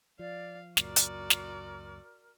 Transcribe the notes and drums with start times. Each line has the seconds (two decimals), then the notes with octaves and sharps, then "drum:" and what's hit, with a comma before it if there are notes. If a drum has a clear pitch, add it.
0.19 F3 D5 F5
0.77 C#2 F#2 A#2 F#4 A#4 D5, drum: snare
0.96 drum: hi-hat
1.30 drum: snare